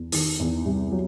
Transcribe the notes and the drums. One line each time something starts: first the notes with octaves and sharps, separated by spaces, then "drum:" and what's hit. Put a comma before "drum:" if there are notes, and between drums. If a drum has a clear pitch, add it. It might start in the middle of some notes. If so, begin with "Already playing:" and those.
Already playing: E2
D#3, drum: open hi-hat
E2
C2
F#3